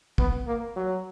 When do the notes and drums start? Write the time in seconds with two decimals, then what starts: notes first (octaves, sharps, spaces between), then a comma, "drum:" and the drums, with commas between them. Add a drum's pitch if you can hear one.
0.18 B3, drum: kick
0.47 A#3
0.76 F#3